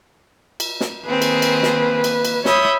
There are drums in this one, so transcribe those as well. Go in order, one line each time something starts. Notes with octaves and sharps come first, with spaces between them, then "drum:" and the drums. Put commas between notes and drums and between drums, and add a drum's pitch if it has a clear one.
drum: cymbal
drum: snare
D#3 A#3 C4 G#4 B4
drum: cymbal
drum: cymbal
drum: snare
drum: cymbal
drum: cymbal
C#5 E5 B5 D#6 G6, drum: snare